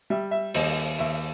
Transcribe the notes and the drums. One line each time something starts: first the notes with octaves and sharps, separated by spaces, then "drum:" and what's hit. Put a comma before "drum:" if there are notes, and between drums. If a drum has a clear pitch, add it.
G3 E5
E5
D#2 D#5, drum: open hi-hat
D#2 E5